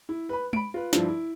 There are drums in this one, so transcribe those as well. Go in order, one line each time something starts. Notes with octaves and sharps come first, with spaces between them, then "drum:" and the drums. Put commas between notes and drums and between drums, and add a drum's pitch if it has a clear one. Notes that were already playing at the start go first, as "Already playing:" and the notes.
E4
B4 B5
B5 D7, drum: tom G#3
F4 B4
G2 F3 D4 E4 F4, drum: snare
E4